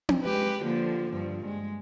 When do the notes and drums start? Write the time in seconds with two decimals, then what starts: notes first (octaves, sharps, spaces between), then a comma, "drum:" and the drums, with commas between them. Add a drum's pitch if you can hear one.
0.09 drum: tom C4
0.22 G#3 G4 B4
0.62 D3 F3 A#3
1.12 G2 F3
1.45 G#3